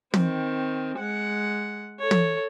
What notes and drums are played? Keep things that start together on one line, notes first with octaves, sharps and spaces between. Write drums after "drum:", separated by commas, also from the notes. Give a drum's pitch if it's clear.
D#3 C4, drum: tom
G#3 F#5
A4 C#5
drum: tom